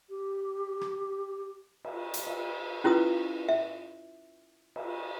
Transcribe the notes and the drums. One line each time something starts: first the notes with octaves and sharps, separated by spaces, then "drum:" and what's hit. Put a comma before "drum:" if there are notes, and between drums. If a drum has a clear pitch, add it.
G4
drum: rim click
drum: cymbal
drum: hi-hat
drum: cymbal
C#4 E4 F4 B4 D#6
E5
drum: cymbal